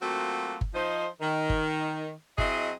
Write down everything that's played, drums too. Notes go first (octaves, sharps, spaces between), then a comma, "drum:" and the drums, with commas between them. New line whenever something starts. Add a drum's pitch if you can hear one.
F#3 A3 A#3 C4 F4 F#4
drum: kick G1
F3 D#4 C5
D#3
drum: kick G1
F#3 C4 E4 G#4 D#5, drum: kick G1